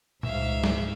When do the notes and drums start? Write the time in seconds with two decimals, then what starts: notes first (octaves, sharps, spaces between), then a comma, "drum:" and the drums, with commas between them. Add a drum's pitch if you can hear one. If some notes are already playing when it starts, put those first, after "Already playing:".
0.23 C#2 G#2 E5 F5, drum: tom A#2
0.64 drum: snare